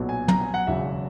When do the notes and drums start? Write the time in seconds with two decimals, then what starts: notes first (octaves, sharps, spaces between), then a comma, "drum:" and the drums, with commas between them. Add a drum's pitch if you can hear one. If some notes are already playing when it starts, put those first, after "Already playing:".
Already playing: B1 A#2 F#3 B3
0.09 G#5
0.28 A#5, drum: tom
0.41 G#5
0.54 F#5
0.67 E1 E2 C#3 F#3 E5